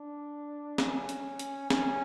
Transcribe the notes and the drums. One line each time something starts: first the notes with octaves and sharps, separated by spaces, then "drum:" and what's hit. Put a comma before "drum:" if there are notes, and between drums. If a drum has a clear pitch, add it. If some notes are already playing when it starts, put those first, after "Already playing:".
Already playing: D4
C#4, drum: snare
drum: hi-hat
drum: hi-hat
C#4, drum: snare